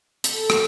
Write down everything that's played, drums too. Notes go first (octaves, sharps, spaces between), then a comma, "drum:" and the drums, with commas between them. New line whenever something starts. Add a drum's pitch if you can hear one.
A4, drum: hi-hat
drum: rim click